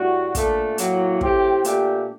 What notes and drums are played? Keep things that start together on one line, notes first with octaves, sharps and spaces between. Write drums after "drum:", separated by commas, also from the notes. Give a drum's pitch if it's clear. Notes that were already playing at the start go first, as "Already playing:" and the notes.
Already playing: A2 G3 D4 F#4
A#2 A3 D4, drum: kick, hi-hat
A2 F#3 A#3, drum: hi-hat
A2 A3 C4 G4, drum: kick
A#2 A3 D4 G4, drum: hi-hat